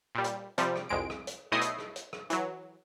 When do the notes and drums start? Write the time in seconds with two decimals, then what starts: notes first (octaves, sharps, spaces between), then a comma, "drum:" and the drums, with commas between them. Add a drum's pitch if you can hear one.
0.15 A#2 G3
0.24 drum: hi-hat
0.58 C3 F3 G3, drum: hi-hat
0.76 drum: rim click
0.89 C2 F2 G#3 D7
1.10 drum: rim click
1.27 drum: hi-hat
1.52 B1 A3 E4 D#5 D#6 C7
1.61 drum: hi-hat
1.79 drum: rim click
1.96 drum: hi-hat
2.13 drum: rim click
2.30 E3 F#3, drum: hi-hat